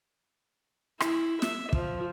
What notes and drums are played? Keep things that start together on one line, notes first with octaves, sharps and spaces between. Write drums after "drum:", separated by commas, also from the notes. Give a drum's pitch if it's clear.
E4, drum: rim click
E5, drum: snare
F3, drum: kick